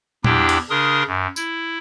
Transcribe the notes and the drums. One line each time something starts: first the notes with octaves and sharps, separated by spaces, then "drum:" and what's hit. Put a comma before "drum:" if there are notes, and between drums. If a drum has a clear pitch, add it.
E2 D4 E4 G4 G5, drum: tom
drum: cymbal
C#3 D4 A#4 C6 D#6
F#2
E4, drum: tambourine